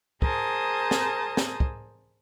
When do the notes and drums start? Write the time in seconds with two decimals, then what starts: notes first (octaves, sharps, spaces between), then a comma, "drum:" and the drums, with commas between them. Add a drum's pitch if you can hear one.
0.22 G#4 A#4 C5 A5 D#6, drum: kick
0.91 drum: snare
1.37 drum: snare
1.60 drum: kick